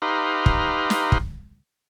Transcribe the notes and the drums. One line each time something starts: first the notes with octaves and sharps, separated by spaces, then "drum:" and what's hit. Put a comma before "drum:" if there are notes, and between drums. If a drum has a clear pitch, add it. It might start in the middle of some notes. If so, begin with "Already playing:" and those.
D#4 G4 B4 F5 A#5 C6
drum: kick
drum: snare
drum: kick